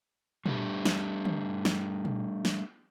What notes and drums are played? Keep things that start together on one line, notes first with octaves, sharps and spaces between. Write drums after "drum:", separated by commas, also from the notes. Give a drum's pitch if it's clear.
G3 A3 D4 G4, drum: tom
drum: snare
drum: tom
drum: snare
drum: tom
drum: snare